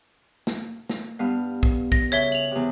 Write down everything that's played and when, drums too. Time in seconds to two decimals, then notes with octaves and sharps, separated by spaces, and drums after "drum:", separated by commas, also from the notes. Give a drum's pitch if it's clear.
0.47 drum: snare
0.90 drum: snare
1.19 G2 B3 F5
1.63 drum: kick
1.92 A#6, drum: kick
2.12 C#3 C#5 E5 G7
2.32 F7 F#7
2.51 E2 C3